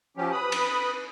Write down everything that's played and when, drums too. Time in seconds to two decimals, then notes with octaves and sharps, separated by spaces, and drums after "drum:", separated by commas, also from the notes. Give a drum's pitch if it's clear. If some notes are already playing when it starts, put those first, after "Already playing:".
0.17 F3 F#3 C#4 G4
0.32 B4 B5 D#6
0.52 drum: cymbal